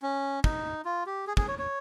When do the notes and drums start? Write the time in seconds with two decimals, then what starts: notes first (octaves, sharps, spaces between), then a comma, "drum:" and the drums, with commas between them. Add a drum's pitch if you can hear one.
0.02 C#4
0.44 D#4, drum: kick
0.85 F4
1.06 G4
1.27 G#4
1.37 G#4, drum: kick
1.48 C#5
1.59 C#5